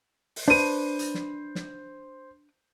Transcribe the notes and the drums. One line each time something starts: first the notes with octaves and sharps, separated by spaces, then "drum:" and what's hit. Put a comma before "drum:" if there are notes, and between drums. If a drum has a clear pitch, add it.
drum: open hi-hat
D4 B4 C5 D#7
drum: hi-hat
drum: snare
drum: snare